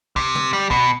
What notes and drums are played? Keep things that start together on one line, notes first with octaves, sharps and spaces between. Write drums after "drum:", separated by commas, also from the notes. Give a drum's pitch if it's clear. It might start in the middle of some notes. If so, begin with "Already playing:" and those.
C3, drum: kick
drum: tom
G3
B2, drum: kick